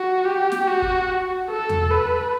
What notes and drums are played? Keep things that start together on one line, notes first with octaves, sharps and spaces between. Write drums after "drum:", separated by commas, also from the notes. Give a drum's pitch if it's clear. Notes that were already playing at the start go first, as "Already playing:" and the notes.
Already playing: F#4
G4
drum: snare
F#4
drum: kick
A4
drum: tom E2
B4